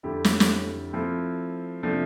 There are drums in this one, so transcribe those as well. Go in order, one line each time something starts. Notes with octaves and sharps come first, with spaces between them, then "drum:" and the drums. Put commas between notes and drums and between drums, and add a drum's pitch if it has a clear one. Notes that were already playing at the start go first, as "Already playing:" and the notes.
F2 D3 A3 E4 G4
drum: snare
drum: snare
F3 A3 C4 E4
C3 F3 A3 D4